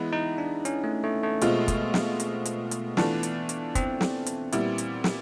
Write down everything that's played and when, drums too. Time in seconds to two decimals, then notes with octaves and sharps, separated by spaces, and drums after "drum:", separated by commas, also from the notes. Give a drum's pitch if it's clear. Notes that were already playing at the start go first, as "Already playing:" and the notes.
Already playing: E3 G#3 B3 E4
0.13 D#4
0.38 D4
0.65 C#4, drum: hi-hat
0.84 A3
1.04 A3
1.23 A3
1.41 B2 G#3 C4 F4, drum: hi-hat
1.68 drum: kick, hi-hat
1.94 drum: snare
2.20 drum: hi-hat
2.45 drum: hi-hat
2.71 drum: hi-hat
2.97 E3 A3 B3 D4 F4, drum: snare
3.23 drum: hi-hat
3.49 drum: hi-hat
3.75 C4, drum: kick, hi-hat
4.01 drum: snare
4.26 drum: hi-hat
4.52 A#2 G3 B3 E4, drum: hi-hat
4.78 drum: hi-hat
5.04 drum: snare